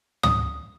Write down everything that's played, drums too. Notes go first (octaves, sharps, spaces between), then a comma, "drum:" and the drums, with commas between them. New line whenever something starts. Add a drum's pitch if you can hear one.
D#6, drum: tom